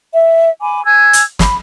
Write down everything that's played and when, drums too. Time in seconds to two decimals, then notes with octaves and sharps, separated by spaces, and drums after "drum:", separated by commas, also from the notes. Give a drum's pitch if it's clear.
0.13 E5
0.61 G#5 B5 D6
0.85 G#5 E6 G#6
1.13 drum: hi-hat
1.39 B5, drum: snare